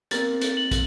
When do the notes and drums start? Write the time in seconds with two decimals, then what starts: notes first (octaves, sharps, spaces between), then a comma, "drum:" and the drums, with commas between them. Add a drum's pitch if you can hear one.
0.11 A#3 C4 A6, drum: hi-hat
0.41 drum: hi-hat
0.57 F#7
0.71 drum: kick, hi-hat